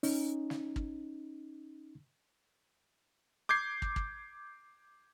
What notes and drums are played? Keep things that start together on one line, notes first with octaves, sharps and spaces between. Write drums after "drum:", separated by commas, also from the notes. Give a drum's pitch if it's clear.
C#4 D#4, drum: open hi-hat
drum: snare
drum: kick
D6 G6 G#6 C7
drum: kick
drum: kick